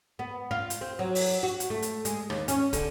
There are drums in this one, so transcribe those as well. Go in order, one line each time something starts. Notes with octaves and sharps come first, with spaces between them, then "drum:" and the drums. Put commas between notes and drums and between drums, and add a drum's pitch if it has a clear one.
B3
F4
drum: hi-hat
C4
F#3
drum: open hi-hat
F#4
drum: hi-hat
A3
drum: hi-hat
G#3, drum: hi-hat
D#2, drum: rim click
C#4, drum: hi-hat
D3, drum: kick, hi-hat